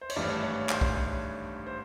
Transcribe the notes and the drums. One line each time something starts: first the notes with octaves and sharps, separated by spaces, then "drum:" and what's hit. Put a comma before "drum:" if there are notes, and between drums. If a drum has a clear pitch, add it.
C5
C#5, drum: cymbal
G#1 G2 E3 A3 D4 D5
C#5
C5, drum: clap
drum: kick B1
C#5
C5